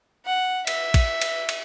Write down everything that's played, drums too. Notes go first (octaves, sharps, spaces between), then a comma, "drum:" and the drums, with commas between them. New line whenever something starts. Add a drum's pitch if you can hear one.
F#5
E5, drum: cymbal
drum: kick, cymbal
drum: cymbal
drum: cymbal